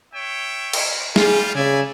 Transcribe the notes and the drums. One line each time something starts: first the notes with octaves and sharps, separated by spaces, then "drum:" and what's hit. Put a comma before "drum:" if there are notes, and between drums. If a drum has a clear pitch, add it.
C#5 E5 G5
drum: cymbal
G3 F4 G#4, drum: snare
C#3 D5 E5 G#5